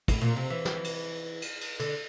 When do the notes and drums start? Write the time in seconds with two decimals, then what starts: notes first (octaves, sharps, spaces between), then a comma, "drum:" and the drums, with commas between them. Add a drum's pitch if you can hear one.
0.08 A2, drum: kick, cymbal
0.22 A#2
0.36 C3
0.50 E3
0.65 drum: snare
0.84 drum: cymbal
1.42 drum: cymbal
1.61 drum: cymbal
1.80 D3, drum: cymbal